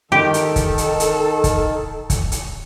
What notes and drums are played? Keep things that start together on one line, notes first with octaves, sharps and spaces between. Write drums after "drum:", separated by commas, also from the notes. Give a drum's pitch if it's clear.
D#3 G4 A4
drum: hi-hat
drum: kick, hi-hat
drum: hi-hat
drum: hi-hat
drum: kick, hi-hat
drum: kick, hi-hat
drum: hi-hat